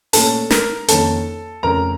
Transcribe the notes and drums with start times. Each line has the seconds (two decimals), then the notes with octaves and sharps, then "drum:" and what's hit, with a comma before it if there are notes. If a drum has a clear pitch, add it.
0.13 A#2 A3 C#4 A4 A5, drum: open hi-hat
0.50 A#4 A#5, drum: snare
0.88 F2 D#3 A#3 C#4 A4 A5, drum: hi-hat
1.63 F2 C#3 A3 A#4 A#5